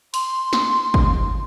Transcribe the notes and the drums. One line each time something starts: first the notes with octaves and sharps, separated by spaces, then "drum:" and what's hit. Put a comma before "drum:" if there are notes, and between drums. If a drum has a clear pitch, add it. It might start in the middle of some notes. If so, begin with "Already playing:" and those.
C6, drum: open hi-hat
drum: snare
drum: kick